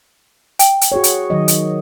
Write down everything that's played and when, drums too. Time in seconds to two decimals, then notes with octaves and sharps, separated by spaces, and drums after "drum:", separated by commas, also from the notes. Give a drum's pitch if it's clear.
0.59 G5, drum: hi-hat
0.81 drum: hi-hat
0.92 F#4 G#4 C#5
1.04 drum: hi-hat
1.30 D#3 F#3 D#5
1.48 drum: hi-hat